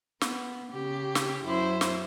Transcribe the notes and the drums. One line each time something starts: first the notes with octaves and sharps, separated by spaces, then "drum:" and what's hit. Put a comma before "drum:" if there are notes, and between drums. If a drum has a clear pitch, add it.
B3, drum: snare
C#3 G4
drum: snare
F#2 E4 C5
drum: snare